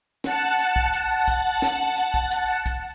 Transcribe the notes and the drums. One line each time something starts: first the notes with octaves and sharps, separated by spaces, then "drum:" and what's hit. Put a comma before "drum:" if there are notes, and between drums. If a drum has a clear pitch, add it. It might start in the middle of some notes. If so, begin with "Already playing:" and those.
F#5 A5, drum: snare
drum: hi-hat
drum: kick
drum: hi-hat
drum: kick, hi-hat
drum: snare
drum: hi-hat
drum: kick
drum: hi-hat
drum: kick, hi-hat